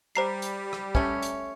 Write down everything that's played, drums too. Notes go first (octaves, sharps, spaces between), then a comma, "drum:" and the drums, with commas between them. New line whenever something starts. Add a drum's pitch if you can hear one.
G3 C5 A#5 C7
drum: hi-hat
drum: rim click
A3 C#4, drum: kick
drum: hi-hat